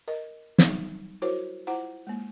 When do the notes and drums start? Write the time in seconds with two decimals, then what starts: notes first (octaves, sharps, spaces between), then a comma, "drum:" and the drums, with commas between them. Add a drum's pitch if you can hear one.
0.08 A#4 D#5
0.58 F#3 G3 D#4, drum: snare
1.22 E4 F#4 A#4 C5 C#5
1.67 E4 F4 C5 F#5 A#5
2.07 G#3 A#3